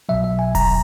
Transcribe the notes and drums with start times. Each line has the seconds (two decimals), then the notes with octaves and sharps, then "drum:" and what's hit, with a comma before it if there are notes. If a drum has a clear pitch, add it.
0.09 B1 B2 F#3 E5
0.24 E5
0.39 G#5
0.55 A#5, drum: kick D#1, open hi-hat